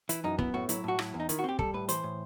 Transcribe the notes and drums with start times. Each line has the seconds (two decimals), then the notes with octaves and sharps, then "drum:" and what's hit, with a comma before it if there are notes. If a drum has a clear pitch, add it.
0.09 E3 E4, drum: hi-hat
0.24 F#2 D#4
0.39 B3 E4, drum: kick
0.54 A2 F#4
0.69 F#3 E4, drum: hi-hat
0.84 A2 F#4
0.99 F#3 E4, drum: rim click
1.14 E2
1.20 D#4
1.29 D#3 E4, drum: hi-hat
1.39 F#4
1.44 C4 G4
1.59 G3 A4, drum: kick
1.74 A2 B4
1.89 E3 C5, drum: hi-hat
2.04 A2